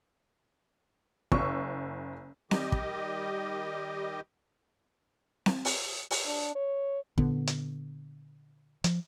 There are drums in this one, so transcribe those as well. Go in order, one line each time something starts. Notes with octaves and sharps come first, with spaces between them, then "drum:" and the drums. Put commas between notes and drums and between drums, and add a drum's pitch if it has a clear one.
F#1 C#6 E6, drum: kick
D#3 G3 G4 D#5, drum: snare C4
drum: kick
drum: snare C4
drum: open hi-hat
drum: open hi-hat
D4
C#5
A#2 D3 B3, drum: kick
drum: hi-hat
F3, drum: hi-hat